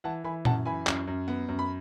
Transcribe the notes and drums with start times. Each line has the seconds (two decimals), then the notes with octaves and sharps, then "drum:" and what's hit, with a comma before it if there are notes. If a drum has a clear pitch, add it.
0.04 E3 F#5 A5
0.24 E3 G#5 B5
0.45 F#2 F#5 A5, drum: tom A#2
0.66 E3 G#5 B5
0.87 F#2, drum: clap
1.07 F#2
1.28 B3
1.48 F#2
1.59 B5